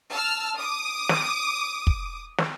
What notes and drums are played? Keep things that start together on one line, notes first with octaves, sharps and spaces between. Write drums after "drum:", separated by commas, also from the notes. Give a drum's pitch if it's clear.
A5 E6 F6
D6 D#6
drum: snare
drum: kick
drum: snare